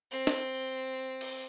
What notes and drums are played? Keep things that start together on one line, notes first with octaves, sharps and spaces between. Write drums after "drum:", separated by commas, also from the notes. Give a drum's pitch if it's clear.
C4
drum: snare
drum: cymbal